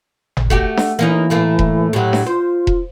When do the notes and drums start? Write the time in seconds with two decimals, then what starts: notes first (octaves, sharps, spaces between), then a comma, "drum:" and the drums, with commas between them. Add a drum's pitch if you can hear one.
0.37 drum: tom G#1
0.50 A3 F#4 G4, drum: kick E1
0.77 drum: snare D4
0.99 E3 A#3 C#4 D#4
1.30 A2 A3 A#3
1.59 drum: kick E1
1.93 A2 F#3 G4
2.13 drum: snare D4
2.26 F4 C5
2.67 drum: kick E1